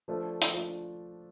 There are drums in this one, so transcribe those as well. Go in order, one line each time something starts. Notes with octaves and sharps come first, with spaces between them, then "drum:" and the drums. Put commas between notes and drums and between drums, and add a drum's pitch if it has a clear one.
F3 A3 D4 F4
drum: hi-hat
F3 A3 D4 F4